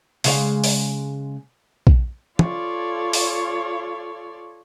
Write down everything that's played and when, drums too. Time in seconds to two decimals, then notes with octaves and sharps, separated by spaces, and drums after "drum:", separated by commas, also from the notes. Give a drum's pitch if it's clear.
0.24 C#3 G#3 F5, drum: open hi-hat
0.64 drum: open hi-hat
1.87 drum: kick A#1
2.39 F4 A4 C#5 D5 F5, drum: tom
3.13 drum: open hi-hat